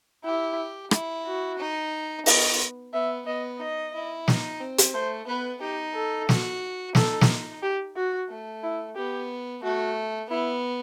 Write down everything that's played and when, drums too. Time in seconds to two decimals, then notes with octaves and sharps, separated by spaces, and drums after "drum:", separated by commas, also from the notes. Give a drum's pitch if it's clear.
0.25 E4 G4
0.91 E4, drum: rim click
1.26 F#4
1.59 D#4
2.26 B3 D#5, drum: open hi-hat
2.93 B3 E5
3.26 B3 D#5
3.60 D#4 D#5
3.94 E4
4.28 D#4, drum: snare
4.61 C4
4.78 drum: hi-hat
4.94 A3 C5
5.27 B3 B4
5.61 D#4 G4
5.94 A4
6.29 F#4, drum: snare
6.95 D#4 A4, drum: snare
7.21 drum: snare
7.63 G4
7.96 F#4
8.29 A3
8.63 E4
8.96 B3 G4
9.63 A3 F#4
10.30 B3 E4